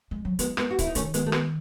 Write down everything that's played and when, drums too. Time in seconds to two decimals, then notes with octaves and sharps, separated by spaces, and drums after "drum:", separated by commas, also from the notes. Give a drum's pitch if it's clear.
0.11 G#3
0.25 F#3
0.39 E3 G#3 B3, drum: hi-hat
0.57 G#3 B3, drum: rim click
0.70 F#4
0.79 E4, drum: kick C#1, hi-hat
0.87 D#4
0.95 D#3 A3 C#4, drum: hi-hat
1.14 G#3 B3, drum: hi-hat
1.26 A3
1.32 G#3 B3, drum: rim click